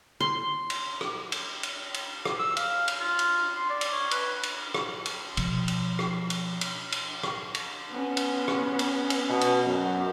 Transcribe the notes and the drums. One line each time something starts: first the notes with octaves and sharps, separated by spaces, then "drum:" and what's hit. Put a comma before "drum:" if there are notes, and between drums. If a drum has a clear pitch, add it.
C6
drum: cymbal
drum: rim click
drum: cymbal
drum: cymbal
drum: cymbal
drum: rim click
E6
F5, drum: cymbal
drum: cymbal
F4
drum: cymbal
C6
D5
drum: cymbal
C#5
B4, drum: cymbal
drum: cymbal
drum: rim click
drum: cymbal
B2 F3, drum: cymbal
drum: cymbal
drum: rim click
drum: cymbal
drum: cymbal
drum: cymbal
drum: rim click
drum: cymbal
B3 C#4
drum: cymbal
drum: rim click
drum: cymbal
drum: cymbal
B2
drum: cymbal
F#2